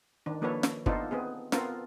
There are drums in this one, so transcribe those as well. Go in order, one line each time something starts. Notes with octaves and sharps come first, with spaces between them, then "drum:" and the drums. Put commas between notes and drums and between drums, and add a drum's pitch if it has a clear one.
D#3 D4
F3 A#3 D4 A4 B4 C#5
drum: snare
B3 D4 D#4 F4 A4 C5, drum: kick
B3 C4 G#4
B3 C4 F4 A4 A#4, drum: snare